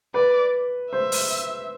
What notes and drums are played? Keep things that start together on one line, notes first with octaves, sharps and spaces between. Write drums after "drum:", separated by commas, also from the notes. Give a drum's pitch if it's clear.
B4 D5
C5 E5
drum: open hi-hat